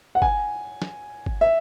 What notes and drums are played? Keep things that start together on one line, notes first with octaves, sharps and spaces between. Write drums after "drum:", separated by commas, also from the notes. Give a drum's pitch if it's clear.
F#5
G#5, drum: kick
drum: snare
drum: kick
E5